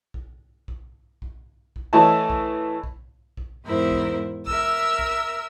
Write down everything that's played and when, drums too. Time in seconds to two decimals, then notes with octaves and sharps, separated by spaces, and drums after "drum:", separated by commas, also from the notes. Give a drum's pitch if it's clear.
0.14 drum: kick A#1
0.68 drum: kick A#1
1.22 drum: kick A#1
1.76 drum: kick A#1
1.93 E3 A3 E4 C#5 D#5 A5
2.30 drum: kick A#1
2.84 drum: kick A#1
3.37 drum: kick A#1
3.64 E2 G#2 E4 A#4 C5
3.91 drum: kick A#1
4.47 A#4 E5 E6, drum: kick A#1
4.99 drum: kick A#1